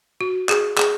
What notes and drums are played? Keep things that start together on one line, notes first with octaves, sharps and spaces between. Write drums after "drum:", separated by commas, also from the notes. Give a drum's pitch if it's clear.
F#4
G#4, drum: clap
G#4, drum: clap